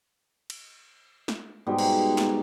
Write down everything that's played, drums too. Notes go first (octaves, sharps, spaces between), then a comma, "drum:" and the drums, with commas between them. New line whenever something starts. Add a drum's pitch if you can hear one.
drum: cymbal
drum: snare
G#2 B2 G3
drum: cymbal
drum: snare